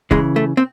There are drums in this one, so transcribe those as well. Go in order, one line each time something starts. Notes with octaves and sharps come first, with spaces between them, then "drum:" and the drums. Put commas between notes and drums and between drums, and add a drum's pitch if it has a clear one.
C#3 E3 G#3, drum: kick
A3
C4